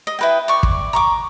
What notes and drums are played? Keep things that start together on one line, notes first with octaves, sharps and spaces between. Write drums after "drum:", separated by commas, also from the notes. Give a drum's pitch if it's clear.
D#5
E4 B4 G5
D5 C#6
drum: kick
A#5 C#6 D6